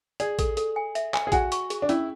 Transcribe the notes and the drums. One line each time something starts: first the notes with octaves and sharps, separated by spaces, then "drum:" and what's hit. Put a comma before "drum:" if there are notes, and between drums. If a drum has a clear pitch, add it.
G#4 D5, drum: hi-hat
A4, drum: kick, hi-hat
A4, drum: hi-hat
G#5
E5, drum: hi-hat
G#5, drum: clap
G#4
F#4 G#5, drum: kick, hi-hat
C#6, drum: hi-hat
G#4, drum: hi-hat
D4
C#4 E4, drum: hi-hat